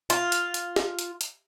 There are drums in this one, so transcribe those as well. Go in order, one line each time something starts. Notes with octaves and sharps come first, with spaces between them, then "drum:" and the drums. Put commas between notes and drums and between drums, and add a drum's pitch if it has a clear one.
F4, drum: hi-hat
drum: hi-hat
drum: hi-hat
drum: snare
drum: hi-hat
drum: hi-hat